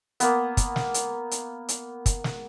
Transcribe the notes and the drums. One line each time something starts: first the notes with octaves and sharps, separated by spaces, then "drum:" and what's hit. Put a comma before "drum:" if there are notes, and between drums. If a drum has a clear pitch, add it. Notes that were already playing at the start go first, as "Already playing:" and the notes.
A#3 B3, drum: hi-hat
drum: kick, hi-hat
drum: snare
drum: hi-hat
drum: hi-hat
drum: hi-hat
drum: kick, hi-hat
drum: snare